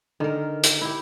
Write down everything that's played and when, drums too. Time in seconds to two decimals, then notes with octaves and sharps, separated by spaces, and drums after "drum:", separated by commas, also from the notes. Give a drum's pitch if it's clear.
0.20 D3 D#3 A#4
0.63 drum: hi-hat
0.81 E4 G4